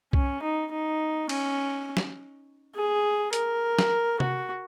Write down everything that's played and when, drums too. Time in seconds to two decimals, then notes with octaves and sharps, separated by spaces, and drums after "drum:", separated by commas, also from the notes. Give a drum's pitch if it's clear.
0.13 C#4, drum: kick C2
0.42 D#4
0.71 D#4
1.29 C#4, drum: cymbal
1.97 drum: snare
2.75 G#4
3.33 A#4, drum: hi-hat
3.79 drum: snare
4.20 F#4, drum: tom C3